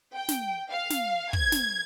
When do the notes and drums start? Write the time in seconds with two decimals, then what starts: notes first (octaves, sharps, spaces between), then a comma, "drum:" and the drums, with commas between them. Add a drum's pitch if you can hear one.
0.15 G5
0.29 drum: snare
0.70 F5
0.90 drum: snare
1.33 G#6, drum: kick
1.52 drum: snare